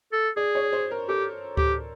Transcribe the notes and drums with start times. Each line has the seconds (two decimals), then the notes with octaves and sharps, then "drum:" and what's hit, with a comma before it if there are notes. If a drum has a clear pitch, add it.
0.12 A4
0.36 G#4 D5
0.55 C#5
0.73 C5
0.91 A#4
1.09 G4 A4
1.57 G4, drum: kick D2